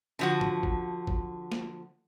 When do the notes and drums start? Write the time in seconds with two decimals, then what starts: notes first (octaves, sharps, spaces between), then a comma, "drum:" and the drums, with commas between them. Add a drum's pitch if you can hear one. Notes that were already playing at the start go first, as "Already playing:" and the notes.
0.19 D3 F3 F#4
0.41 drum: tom G#2
0.63 drum: kick
1.07 drum: kick
1.52 drum: snare